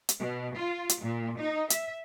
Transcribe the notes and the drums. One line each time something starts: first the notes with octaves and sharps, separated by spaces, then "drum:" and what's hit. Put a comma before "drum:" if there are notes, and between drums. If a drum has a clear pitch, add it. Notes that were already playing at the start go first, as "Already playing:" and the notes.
drum: hi-hat
B2
F4
drum: hi-hat
A#2
D#4
E5, drum: hi-hat